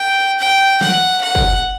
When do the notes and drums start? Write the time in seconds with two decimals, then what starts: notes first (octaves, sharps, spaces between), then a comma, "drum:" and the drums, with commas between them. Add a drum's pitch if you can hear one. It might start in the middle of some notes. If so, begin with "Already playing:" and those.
Already playing: G5
0.40 G5
0.81 F#5, drum: snare
1.22 F#5
1.35 drum: kick